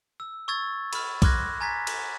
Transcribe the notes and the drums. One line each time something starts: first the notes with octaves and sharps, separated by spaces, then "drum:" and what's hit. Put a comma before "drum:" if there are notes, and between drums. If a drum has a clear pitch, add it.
E6
C#6 E6 G#6 A6
B5 F6, drum: cymbal
C6 D6 F6 F#6 G#6 A#6, drum: kick, cymbal
G#5 A#5 G#6 A6 B6
drum: cymbal